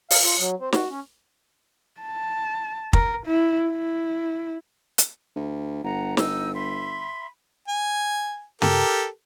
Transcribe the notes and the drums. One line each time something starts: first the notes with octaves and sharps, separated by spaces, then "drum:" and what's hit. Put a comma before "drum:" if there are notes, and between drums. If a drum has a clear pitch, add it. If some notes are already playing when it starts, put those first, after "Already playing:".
F5, drum: open hi-hat
F4
F#3
C4
F#4, drum: snare
C#4
A5
A#4, drum: kick
E4
E4
drum: hi-hat
D2
G1 F#5 A#5
D#4 E6, drum: snare
E5 B5 C6
G#5
G4 A4 A#4, drum: tom